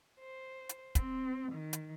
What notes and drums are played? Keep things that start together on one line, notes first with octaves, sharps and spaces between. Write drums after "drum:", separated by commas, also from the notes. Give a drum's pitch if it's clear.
C5
drum: hi-hat
C4, drum: kick, hi-hat
D#3
drum: hi-hat